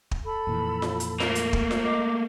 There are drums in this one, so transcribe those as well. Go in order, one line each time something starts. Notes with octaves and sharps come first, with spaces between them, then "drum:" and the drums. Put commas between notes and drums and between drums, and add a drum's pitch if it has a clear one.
drum: kick
A4 B5
F2 A#2 E3
drum: snare F4
drum: hi-hat
A3 A#3, drum: snare F4
drum: hi-hat
drum: kick
drum: snare F4
D#5 D6